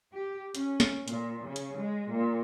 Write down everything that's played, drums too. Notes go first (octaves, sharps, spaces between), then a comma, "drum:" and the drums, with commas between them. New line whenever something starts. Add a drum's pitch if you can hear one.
G4
C#4, drum: hi-hat
drum: snare
A#2, drum: hi-hat
C#3
drum: hi-hat
G#3
A#2